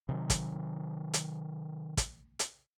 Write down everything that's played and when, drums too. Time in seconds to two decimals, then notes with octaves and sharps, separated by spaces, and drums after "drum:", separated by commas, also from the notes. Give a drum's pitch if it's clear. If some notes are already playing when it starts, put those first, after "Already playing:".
0.09 C3 D#3 F#3
0.30 drum: kick, hi-hat
1.13 drum: hi-hat
1.97 drum: kick, hi-hat
2.39 drum: hi-hat